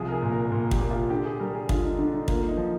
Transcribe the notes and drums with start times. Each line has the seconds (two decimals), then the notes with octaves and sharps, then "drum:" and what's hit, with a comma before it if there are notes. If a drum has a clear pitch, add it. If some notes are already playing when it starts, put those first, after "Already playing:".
Already playing: C2 F3 G#4
0.08 A#4
0.12 G#4
0.23 A#2
0.32 A#4
0.51 A#2 A#4
0.71 G4, drum: kick
0.81 A#3
0.91 F4
1.10 D3 G4
1.25 G#4
1.40 G3 A#4
1.55 G#4
1.69 D3 F4, drum: kick
1.83 D#4
1.99 D3 D4
2.14 D#4
2.28 A#3 F4, drum: kick
2.48 D#4
2.57 F3